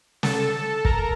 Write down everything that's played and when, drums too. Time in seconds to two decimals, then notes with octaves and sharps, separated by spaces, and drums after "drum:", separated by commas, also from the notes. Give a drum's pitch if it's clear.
0.23 A4 A5, drum: snare
0.85 A#4 A#5, drum: kick